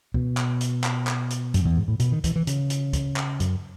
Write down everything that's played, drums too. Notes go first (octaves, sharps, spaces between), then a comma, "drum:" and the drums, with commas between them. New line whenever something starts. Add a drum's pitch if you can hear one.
B2, drum: kick
drum: clap
drum: hi-hat
drum: clap
drum: clap
drum: hi-hat
F#2, drum: hi-hat
E2
G#2
A2
B2, drum: hi-hat
D#3
E3, drum: kick, hi-hat
E3
C#3, drum: hi-hat
drum: hi-hat
drum: kick, hi-hat
drum: clap
F#2, drum: hi-hat